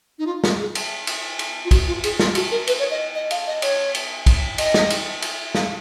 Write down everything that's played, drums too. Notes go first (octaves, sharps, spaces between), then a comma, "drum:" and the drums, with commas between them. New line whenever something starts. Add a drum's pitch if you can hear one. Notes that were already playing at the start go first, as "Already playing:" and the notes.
D#4
F4
F4, drum: snare
G#4
drum: cymbal
drum: cymbal
drum: cymbal
F4
F#4, drum: kick, cymbal
F4
G#4, drum: cymbal
F4, drum: snare
F#4, drum: cymbal
A#4
B4, drum: cymbal
C#5
D#5
D#5
F5, drum: cymbal
D#5
C#5, drum: cymbal
drum: cymbal
drum: kick, cymbal
D#5, drum: cymbal
drum: snare
drum: cymbal
drum: cymbal
F5, drum: snare